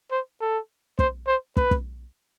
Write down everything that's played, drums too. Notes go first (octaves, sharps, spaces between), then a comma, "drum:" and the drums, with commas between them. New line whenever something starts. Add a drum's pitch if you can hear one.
C5
A4
C5, drum: kick
C5
B4, drum: kick
drum: kick